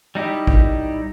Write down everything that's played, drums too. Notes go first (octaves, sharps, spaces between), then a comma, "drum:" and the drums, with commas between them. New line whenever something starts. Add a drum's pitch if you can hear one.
G3 D#4 E4 G4
drum: kick